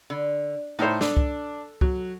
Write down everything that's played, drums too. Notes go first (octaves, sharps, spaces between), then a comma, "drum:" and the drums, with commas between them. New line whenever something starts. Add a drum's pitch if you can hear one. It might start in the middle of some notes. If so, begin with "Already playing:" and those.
D3
A2 D#4 E4 C5 C#5
D4 A4, drum: snare
drum: kick
F#3, drum: kick